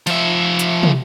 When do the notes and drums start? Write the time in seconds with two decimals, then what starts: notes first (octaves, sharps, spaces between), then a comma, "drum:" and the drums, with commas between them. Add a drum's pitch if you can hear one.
0.07 F3 E5, drum: cymbal
0.59 drum: hi-hat
0.83 drum: tom